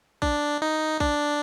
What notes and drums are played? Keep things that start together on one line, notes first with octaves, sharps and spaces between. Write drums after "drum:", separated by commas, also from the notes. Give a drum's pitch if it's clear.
D4, drum: kick
D#4
D4, drum: kick